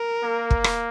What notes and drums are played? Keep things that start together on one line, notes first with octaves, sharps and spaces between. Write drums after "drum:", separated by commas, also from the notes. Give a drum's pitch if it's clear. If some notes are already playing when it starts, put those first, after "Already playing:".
Already playing: A#4
A#3
drum: kick
drum: rim click